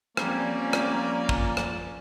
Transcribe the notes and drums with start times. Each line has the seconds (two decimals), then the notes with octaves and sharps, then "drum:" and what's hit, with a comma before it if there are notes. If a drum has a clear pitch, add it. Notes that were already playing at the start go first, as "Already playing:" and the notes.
0.17 F3 G3 A#3 C4 C#4 D5 G#5, drum: rim click
0.73 drum: rim click
1.29 drum: kick
1.57 drum: rim click